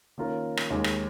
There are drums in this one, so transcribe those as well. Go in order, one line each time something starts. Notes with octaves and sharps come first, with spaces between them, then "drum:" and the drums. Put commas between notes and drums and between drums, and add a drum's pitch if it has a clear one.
D#3 A#3 C#4 F4 A#4
drum: rim click
D#2 D#3 G#3
drum: rim click